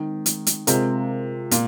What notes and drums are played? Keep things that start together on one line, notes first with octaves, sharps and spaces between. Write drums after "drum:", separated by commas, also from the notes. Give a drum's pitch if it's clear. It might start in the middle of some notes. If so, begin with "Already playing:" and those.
Already playing: D#3 G#3 C4 D#4
drum: hi-hat
drum: hi-hat
C3 G#3 C4 F4 A#4, drum: hi-hat
A#2, drum: hi-hat